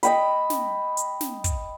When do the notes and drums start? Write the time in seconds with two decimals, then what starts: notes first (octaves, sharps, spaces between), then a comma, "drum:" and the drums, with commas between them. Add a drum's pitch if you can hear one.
0.03 D#5 G5 B5, drum: hi-hat
0.50 drum: snare
0.97 drum: hi-hat
1.21 drum: snare
1.44 drum: kick, hi-hat